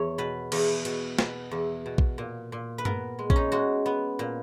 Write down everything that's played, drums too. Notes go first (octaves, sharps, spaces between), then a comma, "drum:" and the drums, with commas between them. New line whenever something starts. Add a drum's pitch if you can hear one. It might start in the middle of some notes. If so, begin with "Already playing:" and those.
Already playing: E2 C#5
B2 B4
E2, drum: cymbal
B2, drum: hi-hat
B2, drum: snare
E2
B2
drum: kick A#1
A#2
A#2
B4
B3 A#4, drum: tom G2
G#3
C#4, drum: kick A#1
D#4
G#3 F#4
B3
A#2